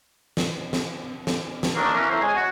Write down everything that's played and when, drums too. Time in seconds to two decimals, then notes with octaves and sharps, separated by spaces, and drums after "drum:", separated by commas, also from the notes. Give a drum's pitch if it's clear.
0.37 drum: snare
0.73 drum: snare
1.27 drum: snare
1.63 drum: snare
1.75 D#2 D#3 F#3 A3 A#3 D4
1.94 E3 F#3 C#4 A#4
2.09 E4 A4 C5 C#5 A#5 C6
2.21 G#3 C#5 G#5
2.35 F#4